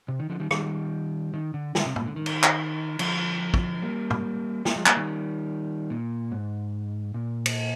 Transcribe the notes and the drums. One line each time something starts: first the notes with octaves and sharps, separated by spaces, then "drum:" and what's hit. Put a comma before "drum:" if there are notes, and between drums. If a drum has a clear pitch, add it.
C3
D#3
D3 F3
D#3 G3
D#3 G3, drum: rim click
D#3
D3
D3, drum: snare
C3
A#2, drum: tom
D3
D#3
drum: cymbal
drum: clap
D3 F3, drum: cymbal
drum: kick
G3 A#3
drum: tom
G3 A#3, drum: snare
F3 G#3
G3 A#3, drum: clap
D#3 G3
A#2
G#2
A#2
drum: cymbal